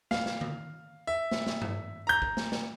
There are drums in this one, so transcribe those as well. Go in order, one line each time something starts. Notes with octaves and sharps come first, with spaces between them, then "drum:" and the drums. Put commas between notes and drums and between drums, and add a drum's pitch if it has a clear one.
F5, drum: snare
drum: snare
drum: tom D3
E5
drum: snare
drum: snare
drum: tom G2
A#5 G6
drum: kick
drum: snare
drum: snare